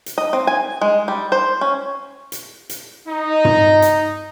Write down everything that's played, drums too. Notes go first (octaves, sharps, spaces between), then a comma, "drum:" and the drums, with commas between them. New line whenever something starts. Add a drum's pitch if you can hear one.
drum: hi-hat
D#5
C4
G#5
G#3
G3
C5
C#4
drum: hi-hat
drum: hi-hat
D#4
drum: tom
drum: hi-hat